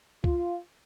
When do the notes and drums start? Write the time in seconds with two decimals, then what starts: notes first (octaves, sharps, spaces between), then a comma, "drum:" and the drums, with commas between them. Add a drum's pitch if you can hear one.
0.24 F4, drum: kick